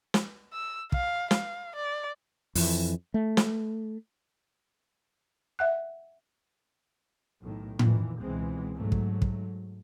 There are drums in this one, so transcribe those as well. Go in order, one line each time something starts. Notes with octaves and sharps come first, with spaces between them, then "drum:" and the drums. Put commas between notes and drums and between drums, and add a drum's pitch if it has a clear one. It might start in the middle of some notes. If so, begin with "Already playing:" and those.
drum: snare
E6
F5, drum: kick
F5, drum: snare
D5
F2 E3, drum: open hi-hat
A3
drum: snare
E5 F#5 F#6
B1 A2 D#3
F2 A#2 D#3 E3, drum: tom A2
C#2 B2 E3 G#3 B3 C4
G#2 F#3 A3
drum: kick
drum: kick